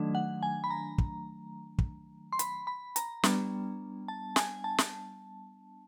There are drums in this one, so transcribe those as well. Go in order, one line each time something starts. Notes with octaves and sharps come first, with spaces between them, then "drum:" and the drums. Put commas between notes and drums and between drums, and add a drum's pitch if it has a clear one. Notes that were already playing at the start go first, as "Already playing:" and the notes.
Already playing: D#3 F#3 A3 D4
F#5
G#5
B5
A#5
drum: kick
drum: kick
C6
B5, drum: hi-hat
B5
A#5, drum: hi-hat
G3 B3 D4, drum: snare
A5
G#5, drum: snare
A5
drum: snare